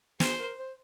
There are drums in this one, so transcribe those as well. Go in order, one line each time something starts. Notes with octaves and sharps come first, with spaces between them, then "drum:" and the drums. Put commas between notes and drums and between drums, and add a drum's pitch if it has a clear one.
G#4 C5, drum: snare
A#4
C5